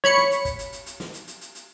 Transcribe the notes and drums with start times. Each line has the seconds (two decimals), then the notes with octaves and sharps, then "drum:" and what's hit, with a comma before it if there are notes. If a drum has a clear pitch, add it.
0.04 C#5 B5 C#7, drum: snare
0.17 drum: snare
0.31 drum: hi-hat
0.45 drum: kick, hi-hat
0.59 drum: hi-hat
0.72 drum: hi-hat
0.86 drum: hi-hat
1.00 drum: snare
1.14 drum: hi-hat
1.27 drum: hi-hat
1.41 drum: hi-hat
1.55 drum: hi-hat